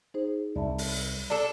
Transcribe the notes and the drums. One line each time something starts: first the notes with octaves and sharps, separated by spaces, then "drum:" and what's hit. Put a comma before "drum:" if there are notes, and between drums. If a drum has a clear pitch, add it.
D#4 G#4 C5
C2 D5 E5 A5
drum: open hi-hat
D4 A4